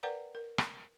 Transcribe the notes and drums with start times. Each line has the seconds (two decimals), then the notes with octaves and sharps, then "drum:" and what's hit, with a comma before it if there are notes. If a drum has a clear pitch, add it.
0.03 A#4 B4 D5 F#5 G5 A#5
0.35 A#4
0.58 drum: rim click